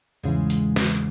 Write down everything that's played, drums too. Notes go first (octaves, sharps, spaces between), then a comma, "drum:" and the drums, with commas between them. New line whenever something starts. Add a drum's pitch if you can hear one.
E2 G#2 C#3 E3 G#3
drum: open hi-hat
drum: snare